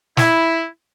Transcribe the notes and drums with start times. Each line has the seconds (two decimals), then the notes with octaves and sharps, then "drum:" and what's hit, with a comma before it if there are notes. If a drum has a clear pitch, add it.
0.17 E4, drum: snare